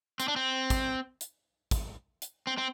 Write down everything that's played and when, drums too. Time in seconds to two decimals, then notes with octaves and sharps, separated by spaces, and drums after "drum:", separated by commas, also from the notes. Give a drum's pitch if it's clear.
0.20 C4, drum: hi-hat
0.28 D4
0.36 C4
0.70 drum: kick, hi-hat
1.21 drum: hi-hat
1.71 drum: kick, hi-hat
2.22 drum: hi-hat
2.47 C4
2.58 C4